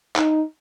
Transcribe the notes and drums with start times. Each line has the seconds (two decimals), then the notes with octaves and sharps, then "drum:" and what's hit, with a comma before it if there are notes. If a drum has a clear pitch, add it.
0.16 D#4, drum: clap